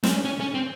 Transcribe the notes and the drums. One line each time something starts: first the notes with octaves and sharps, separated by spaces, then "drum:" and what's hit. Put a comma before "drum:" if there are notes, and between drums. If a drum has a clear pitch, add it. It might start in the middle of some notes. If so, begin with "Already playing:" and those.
C4, drum: snare
C#4
C#4
C#4
C4